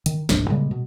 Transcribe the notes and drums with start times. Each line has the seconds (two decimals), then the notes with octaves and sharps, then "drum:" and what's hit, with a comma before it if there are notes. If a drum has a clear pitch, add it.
0.06 D#3, drum: hi-hat
0.29 E1 C2 G#2 D4, drum: snare
0.49 A#2 C#3 G3 G#3
0.71 B2